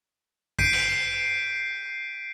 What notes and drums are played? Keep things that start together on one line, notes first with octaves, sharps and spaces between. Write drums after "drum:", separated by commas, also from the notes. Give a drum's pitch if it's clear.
G6 B6 C7 D7 D#7, drum: kick A1
drum: cymbal